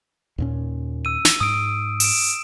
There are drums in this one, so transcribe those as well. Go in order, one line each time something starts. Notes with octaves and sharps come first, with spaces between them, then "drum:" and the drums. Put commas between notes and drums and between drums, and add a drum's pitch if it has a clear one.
D#2 A#2 C#4
E6 D#7
drum: snare
G#2 D#6 D7
D7 E7, drum: open hi-hat